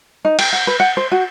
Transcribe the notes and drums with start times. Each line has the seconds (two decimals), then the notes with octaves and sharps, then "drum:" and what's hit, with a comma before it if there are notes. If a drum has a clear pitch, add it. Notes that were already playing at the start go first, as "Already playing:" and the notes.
0.25 D#4
0.39 G5, drum: cymbal
0.53 F#5
0.67 B4
0.80 F#5
0.97 C5
1.12 F#4